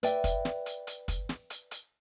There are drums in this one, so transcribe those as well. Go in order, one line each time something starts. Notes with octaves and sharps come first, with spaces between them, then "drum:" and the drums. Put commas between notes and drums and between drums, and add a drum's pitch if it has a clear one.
B4 D5 E5 G5, drum: hi-hat
drum: kick, hi-hat
drum: snare
drum: hi-hat
drum: hi-hat
drum: kick, hi-hat
drum: snare
drum: hi-hat
drum: hi-hat